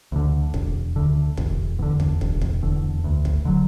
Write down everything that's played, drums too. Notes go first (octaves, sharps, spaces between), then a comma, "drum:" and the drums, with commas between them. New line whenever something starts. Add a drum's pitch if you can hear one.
D2 D3
E1, drum: kick
D2 D3
E1, drum: kick
E2 D3
drum: kick
E1, drum: kick
drum: kick
E2 D3
D2
drum: kick
D3 F#3